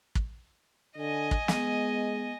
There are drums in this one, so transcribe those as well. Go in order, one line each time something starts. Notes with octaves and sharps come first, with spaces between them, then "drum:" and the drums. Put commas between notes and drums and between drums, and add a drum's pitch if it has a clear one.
drum: kick
D3 D#5 G#5
drum: kick
G#3 B3, drum: snare